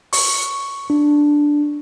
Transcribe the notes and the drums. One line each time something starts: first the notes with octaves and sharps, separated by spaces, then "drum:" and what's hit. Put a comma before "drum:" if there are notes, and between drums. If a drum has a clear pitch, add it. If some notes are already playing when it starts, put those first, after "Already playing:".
C#6, drum: open hi-hat
D4